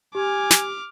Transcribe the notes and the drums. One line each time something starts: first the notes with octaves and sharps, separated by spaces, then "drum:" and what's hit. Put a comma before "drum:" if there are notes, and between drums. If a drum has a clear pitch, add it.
G4 G#5 D6 F6
drum: snare